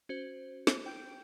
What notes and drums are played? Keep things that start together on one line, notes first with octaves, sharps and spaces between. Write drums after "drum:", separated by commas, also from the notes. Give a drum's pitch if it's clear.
C#4 F#4 C5
drum: snare
G5 G6 D7